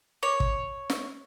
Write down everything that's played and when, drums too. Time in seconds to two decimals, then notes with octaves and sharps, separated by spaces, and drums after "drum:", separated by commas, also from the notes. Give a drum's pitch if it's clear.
0.23 C#5
0.40 drum: kick
0.90 drum: snare